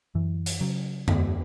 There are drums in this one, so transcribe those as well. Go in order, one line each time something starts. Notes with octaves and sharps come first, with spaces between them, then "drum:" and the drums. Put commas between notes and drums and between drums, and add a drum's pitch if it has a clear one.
F#2 E3
drum: hi-hat
C#3 F#3
E2 B3, drum: tom F#2